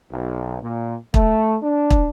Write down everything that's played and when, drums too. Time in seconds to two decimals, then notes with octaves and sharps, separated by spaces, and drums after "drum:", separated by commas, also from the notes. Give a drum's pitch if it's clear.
0.11 B1
0.61 A#2
1.14 A3, drum: kick
1.62 D4
1.90 drum: kick